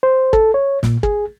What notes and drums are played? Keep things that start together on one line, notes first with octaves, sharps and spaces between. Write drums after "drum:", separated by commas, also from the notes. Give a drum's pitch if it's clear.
C5
A4, drum: kick
C#5
A#2, drum: snare
G#4, drum: kick